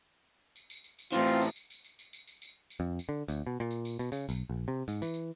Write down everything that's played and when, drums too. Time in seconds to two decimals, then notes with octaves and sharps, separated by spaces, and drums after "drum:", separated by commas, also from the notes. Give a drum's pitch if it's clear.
0.56 drum: tambourine
0.70 drum: tambourine
0.84 drum: tambourine
0.99 drum: tambourine
1.12 A2 E3 C4 F4, drum: tambourine
1.27 drum: tambourine
1.42 drum: tambourine
1.56 drum: tambourine
1.70 drum: tambourine
1.85 drum: tambourine
1.99 drum: tambourine
2.13 drum: tambourine
2.28 drum: tambourine
2.42 drum: tambourine
2.70 drum: tambourine
2.80 F2
2.99 drum: tambourine
3.09 D3
3.28 D2, drum: tambourine
3.47 B2
3.60 A#2
3.71 drum: tambourine
3.85 drum: tambourine
3.99 B2, drum: tambourine
4.12 C#3, drum: tambourine
4.29 B1, drum: tambourine
4.49 A#1
4.68 C3
4.88 G#2, drum: tambourine
5.02 E3, drum: tambourine
5.14 drum: tambourine